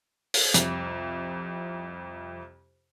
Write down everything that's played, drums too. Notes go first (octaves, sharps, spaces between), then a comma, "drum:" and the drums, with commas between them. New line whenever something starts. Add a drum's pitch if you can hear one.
drum: open hi-hat
C2 F2, drum: hi-hat